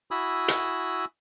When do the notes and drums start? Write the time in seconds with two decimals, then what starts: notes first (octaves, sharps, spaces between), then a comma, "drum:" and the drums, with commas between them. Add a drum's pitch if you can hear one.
0.11 E4 F#4 G#5 B5 D#6 E6
0.48 drum: hi-hat